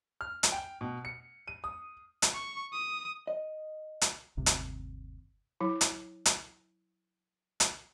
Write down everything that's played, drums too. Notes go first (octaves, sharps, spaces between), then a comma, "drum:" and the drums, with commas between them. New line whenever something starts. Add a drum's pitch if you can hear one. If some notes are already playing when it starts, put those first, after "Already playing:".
F6
drum: hi-hat
G5
B2
C#7
D#7
D#6
drum: hi-hat
C#6
D#6
D#5
drum: hi-hat
G1 D#2 C3
drum: hi-hat
F#3 E4
drum: hi-hat
drum: hi-hat
drum: hi-hat